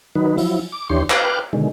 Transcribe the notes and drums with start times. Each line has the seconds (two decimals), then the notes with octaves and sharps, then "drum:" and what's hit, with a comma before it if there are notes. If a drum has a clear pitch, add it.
0.15 D#3 F#3 D#4 B4
0.38 F3 F#3 E4, drum: open hi-hat
0.72 D6
0.90 D#2 E3 D4 G4 C#5 C6
1.10 B4 G5 D6 F6 F#6, drum: clap
1.53 B2 D3 D#3 G#3